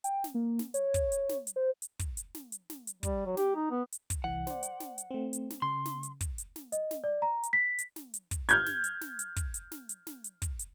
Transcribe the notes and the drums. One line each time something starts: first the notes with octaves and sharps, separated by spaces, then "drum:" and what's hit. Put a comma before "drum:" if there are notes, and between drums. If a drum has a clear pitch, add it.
G5, drum: hi-hat
drum: snare
A#3
drum: snare
C#5, drum: hi-hat
drum: kick, hi-hat
drum: hi-hat
drum: snare
drum: hi-hat
C5
drum: hi-hat
drum: kick, hi-hat
drum: hi-hat
drum: snare
drum: hi-hat
drum: snare
drum: hi-hat
G3, drum: kick, hi-hat
F#3
G4, drum: snare
D#4
B3
drum: hi-hat
drum: kick, hi-hat
C2 E3 F#5
C5 D5, drum: snare
drum: hi-hat
drum: snare
drum: hi-hat
A3 C4
drum: hi-hat
drum: snare
C#3 C6
drum: snare
drum: hi-hat
drum: kick, hi-hat
drum: hi-hat
drum: snare
D#5, drum: hi-hat
drum: snare
D5
A#5
drum: hi-hat
B6
drum: hi-hat
drum: snare
drum: hi-hat
drum: kick, hi-hat
F6 G6 G#6, drum: hi-hat
drum: snare
drum: hi-hat
drum: snare
drum: hi-hat
drum: kick, hi-hat
drum: hi-hat
drum: snare
drum: hi-hat
drum: snare
drum: hi-hat
drum: kick, hi-hat
drum: hi-hat